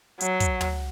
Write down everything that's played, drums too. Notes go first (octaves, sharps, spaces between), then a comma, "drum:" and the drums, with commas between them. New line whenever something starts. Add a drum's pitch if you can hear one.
F#3, drum: hi-hat
drum: kick, hi-hat
drum: tom